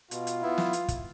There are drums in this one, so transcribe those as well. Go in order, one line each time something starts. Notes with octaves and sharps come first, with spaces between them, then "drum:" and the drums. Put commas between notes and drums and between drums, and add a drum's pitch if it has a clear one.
B2 F4, drum: hi-hat
drum: hi-hat
B3 E4
drum: snare
drum: hi-hat
drum: kick, hi-hat